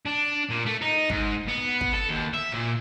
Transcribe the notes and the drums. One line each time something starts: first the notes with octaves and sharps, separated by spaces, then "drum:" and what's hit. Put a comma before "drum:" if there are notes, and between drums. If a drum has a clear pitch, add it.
D4
A#2
A3
D#4
G#2, drum: kick
B3
drum: kick
A4
D#2
E5
A#2